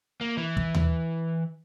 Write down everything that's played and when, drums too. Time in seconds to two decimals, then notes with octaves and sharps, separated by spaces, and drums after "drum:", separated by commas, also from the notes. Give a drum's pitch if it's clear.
0.21 A#3
0.37 E3
0.57 drum: kick
0.75 drum: tom D#2